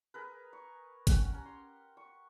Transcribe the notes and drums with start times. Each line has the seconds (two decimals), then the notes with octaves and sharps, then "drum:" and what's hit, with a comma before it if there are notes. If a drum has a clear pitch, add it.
0.14 G#4 A#4 B4
0.53 C#6
1.07 C#4 G4 F#5, drum: kick, hi-hat
1.33 C#4 A#5
1.45 C6
1.97 C#6